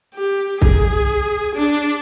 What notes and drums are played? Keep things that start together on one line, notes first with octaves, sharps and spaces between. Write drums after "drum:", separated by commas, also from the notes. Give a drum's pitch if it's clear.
G4
G#4, drum: kick C2
D4